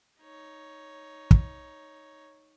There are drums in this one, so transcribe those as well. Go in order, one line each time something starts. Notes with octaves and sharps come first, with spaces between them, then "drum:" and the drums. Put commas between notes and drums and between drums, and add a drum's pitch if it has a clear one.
D#4 C#5
drum: kick